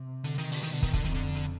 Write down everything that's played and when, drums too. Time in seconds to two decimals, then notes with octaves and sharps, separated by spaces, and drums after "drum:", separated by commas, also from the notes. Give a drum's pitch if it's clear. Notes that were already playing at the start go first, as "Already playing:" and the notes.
Already playing: C3
0.24 D3, drum: hi-hat
0.38 D#3, drum: hi-hat
0.52 D3, drum: open hi-hat
0.63 B2 D#3, drum: hi-hat
0.73 D3
0.82 D#3, drum: kick, hi-hat
0.93 D3, drum: kick, hi-hat
1.04 F2 D#3, drum: hi-hat
1.14 D3
1.35 drum: hi-hat